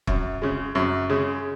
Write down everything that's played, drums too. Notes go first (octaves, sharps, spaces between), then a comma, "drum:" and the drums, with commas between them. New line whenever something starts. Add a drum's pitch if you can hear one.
F#2, drum: kick
C#3 G#3
F#2
C#3 G#3